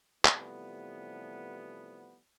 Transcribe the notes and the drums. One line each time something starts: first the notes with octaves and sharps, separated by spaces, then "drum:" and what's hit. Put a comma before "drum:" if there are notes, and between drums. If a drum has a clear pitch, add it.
C3 E3 F3 G3 A3 B3, drum: clap